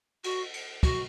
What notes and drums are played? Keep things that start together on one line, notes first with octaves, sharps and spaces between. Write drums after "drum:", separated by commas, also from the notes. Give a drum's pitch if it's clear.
F#4, drum: cymbal
drum: cymbal
F#4, drum: kick, cymbal